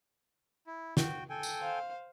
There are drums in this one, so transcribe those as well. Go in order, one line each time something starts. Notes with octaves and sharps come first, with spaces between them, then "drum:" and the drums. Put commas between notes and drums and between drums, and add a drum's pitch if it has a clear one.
E4
F#4 G5, drum: snare
A4 G5 G#5
drum: tambourine
C5 F5